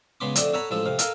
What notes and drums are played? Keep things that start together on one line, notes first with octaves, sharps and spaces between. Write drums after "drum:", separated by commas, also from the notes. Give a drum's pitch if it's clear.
C#3 G#3 B3 B5 C6 D6
F2 D3 A3 D5 D#5, drum: hi-hat
A4 C#5 F#5 G#5 A#5 B5
A1 F3 G#3 A4
F2 C3 F5
A4 A#4 D#5 F5 G#5, drum: hi-hat